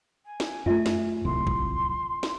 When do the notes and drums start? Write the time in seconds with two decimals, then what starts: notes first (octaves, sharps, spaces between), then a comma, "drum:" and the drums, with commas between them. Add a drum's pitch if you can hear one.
0.25 G#5
0.40 drum: snare
0.66 F#2 A3 F4 E5
0.86 drum: snare
1.25 D1 C2 C6
1.47 drum: kick A1
2.23 drum: snare